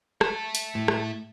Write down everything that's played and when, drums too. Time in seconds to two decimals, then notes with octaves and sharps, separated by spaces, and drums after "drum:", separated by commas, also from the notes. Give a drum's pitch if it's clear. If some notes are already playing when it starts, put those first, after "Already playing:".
0.21 E5 A5, drum: rim click
0.55 drum: hi-hat
0.75 A2
0.88 drum: rim click